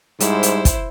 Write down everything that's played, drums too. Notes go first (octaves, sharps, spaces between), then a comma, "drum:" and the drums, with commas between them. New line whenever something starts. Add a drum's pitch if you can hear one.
G#2 G3 E4 C5, drum: hi-hat
drum: hi-hat
drum: kick, hi-hat